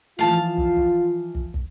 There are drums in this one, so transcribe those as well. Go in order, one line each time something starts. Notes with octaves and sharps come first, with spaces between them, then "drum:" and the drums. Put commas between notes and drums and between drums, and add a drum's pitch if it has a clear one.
E3 F3 F4 F5 A5
drum: kick
drum: kick
drum: kick
drum: kick